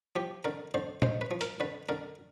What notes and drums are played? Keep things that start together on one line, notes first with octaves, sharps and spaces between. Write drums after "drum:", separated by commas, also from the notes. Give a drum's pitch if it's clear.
F3 G4
D3 A#4
D3 C5
G#3 C5, drum: tom
B4
F3
A#4, drum: hi-hat
D3 B4
D3 A#4